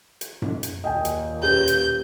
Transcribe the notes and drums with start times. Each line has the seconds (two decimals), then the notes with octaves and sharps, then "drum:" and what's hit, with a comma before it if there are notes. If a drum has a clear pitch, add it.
0.21 drum: hi-hat
0.42 drum: tom F#2
0.63 drum: hi-hat
0.84 D#2 A#2 D#5 G5 G#5
1.05 drum: hi-hat
1.43 C#4 G4 B4 G6
1.68 drum: hi-hat